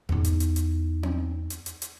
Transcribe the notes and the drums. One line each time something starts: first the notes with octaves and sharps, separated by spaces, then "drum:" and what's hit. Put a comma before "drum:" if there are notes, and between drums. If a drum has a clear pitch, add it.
E2 D#4, drum: tom G#2
drum: hi-hat
drum: hi-hat
drum: hi-hat
drum: tom C4
drum: hi-hat
drum: hi-hat
drum: hi-hat